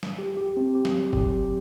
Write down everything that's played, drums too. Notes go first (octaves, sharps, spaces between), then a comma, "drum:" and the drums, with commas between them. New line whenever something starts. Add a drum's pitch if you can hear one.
drum: snare
G4
G4
C4
G4
drum: snare
F#3
G4, drum: kick
G4